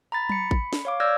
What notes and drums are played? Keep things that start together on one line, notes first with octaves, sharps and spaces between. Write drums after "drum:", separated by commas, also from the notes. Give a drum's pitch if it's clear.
A#5 B5 A6
B5 C#7, drum: tom F#3
drum: kick A1
drum: snare
C#5 F5 D6
D5 E6 F6 G6 G#6 A#6